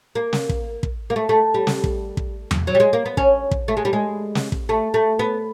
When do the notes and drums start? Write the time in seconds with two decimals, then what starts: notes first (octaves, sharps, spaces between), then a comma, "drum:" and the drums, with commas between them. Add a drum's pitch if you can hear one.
0.15 A#3
0.33 drum: snare
0.49 drum: kick
0.83 drum: kick
1.10 A#3
1.16 A3
1.29 A3
1.54 G3
1.67 drum: snare
1.84 drum: kick
2.17 drum: kick
2.51 drum: tom E2
2.67 F#3
2.75 G3
2.80 G#3
2.93 A#3
3.06 B3
3.17 C#4, drum: kick
3.51 drum: kick
3.68 A3
3.77 G#3
3.85 G3
3.93 G#3
4.35 drum: snare
4.52 drum: kick
4.69 A3
4.94 A3
5.19 B3